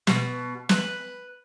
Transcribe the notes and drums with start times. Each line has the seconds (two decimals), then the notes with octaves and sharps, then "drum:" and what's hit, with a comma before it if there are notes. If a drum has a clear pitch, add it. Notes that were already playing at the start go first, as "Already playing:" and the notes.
0.07 B2, drum: snare
0.69 B4, drum: snare